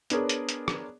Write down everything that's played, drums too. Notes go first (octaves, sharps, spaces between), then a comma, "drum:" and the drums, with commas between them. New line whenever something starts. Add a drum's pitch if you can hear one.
B3 D4 G#4 A#4 C#5, drum: hi-hat
drum: hi-hat
drum: hi-hat
drum: rim click